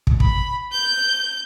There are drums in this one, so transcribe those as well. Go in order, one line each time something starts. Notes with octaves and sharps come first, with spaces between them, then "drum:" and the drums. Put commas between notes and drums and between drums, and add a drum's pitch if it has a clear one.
drum: kick
B5, drum: kick
G6